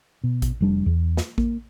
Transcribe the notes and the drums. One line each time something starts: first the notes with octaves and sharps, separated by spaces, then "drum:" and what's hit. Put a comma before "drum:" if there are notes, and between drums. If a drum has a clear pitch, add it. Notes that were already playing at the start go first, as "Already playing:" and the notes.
B2
drum: kick A1, hi-hat
F1 G3 D4
E2
drum: snare
A#3, drum: kick A1